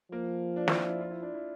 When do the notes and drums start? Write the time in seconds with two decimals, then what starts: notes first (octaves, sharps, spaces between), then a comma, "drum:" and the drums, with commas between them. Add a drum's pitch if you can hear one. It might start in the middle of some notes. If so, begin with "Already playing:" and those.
0.11 F3 A#3
0.56 D4
0.68 E4, drum: snare
0.78 F4
0.89 E4
1.00 F4
1.11 E4
1.22 D4
1.34 E4